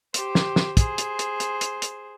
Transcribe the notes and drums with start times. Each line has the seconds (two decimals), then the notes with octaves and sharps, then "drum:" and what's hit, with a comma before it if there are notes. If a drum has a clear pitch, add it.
0.14 G4 C5, drum: hi-hat
0.35 drum: snare
0.56 drum: snare
0.77 G#4 C5, drum: kick, hi-hat
0.98 drum: hi-hat
1.19 drum: hi-hat
1.40 drum: hi-hat
1.61 drum: hi-hat
1.82 drum: hi-hat